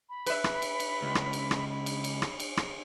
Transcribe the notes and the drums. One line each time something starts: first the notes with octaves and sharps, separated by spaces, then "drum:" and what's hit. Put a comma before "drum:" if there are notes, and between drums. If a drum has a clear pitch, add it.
B5
B4 E5, drum: cymbal
drum: rim click
drum: cymbal
drum: cymbal
C#2
drum: rim click
drum: cymbal
drum: rim click
B5
drum: cymbal
drum: cymbal
drum: rim click
drum: cymbal
drum: rim click